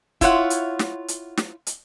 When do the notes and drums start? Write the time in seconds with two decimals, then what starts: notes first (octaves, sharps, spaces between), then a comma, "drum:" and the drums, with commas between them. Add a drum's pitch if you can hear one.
0.21 E4 F4 C#5 F#5, drum: kick, hi-hat
0.50 drum: hi-hat
0.79 drum: snare
1.08 drum: hi-hat
1.37 drum: snare
1.67 drum: hi-hat